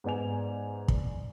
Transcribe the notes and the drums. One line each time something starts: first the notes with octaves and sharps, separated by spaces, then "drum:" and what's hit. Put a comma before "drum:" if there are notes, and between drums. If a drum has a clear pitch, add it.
G#2 B3 D5 G#5 F7
drum: kick